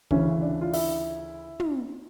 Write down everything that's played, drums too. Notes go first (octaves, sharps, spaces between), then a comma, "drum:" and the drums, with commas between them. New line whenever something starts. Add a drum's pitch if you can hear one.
D2 C#3 E3 C#4, drum: kick
D4
F4
E4, drum: open hi-hat
drum: tom